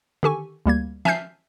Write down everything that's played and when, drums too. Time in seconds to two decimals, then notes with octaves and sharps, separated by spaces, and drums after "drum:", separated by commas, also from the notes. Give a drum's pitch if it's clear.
0.23 D3 D#3 G4 A4 G#5 C#6, drum: tom
0.66 D2 G3 A#3 G#6
1.05 E5 G#5 A5 F6 G6 C7, drum: snare